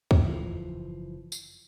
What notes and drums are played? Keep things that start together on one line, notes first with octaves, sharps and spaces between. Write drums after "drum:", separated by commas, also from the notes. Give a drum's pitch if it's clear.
drum: kick C#2
F#1 E3 F3
drum: tambourine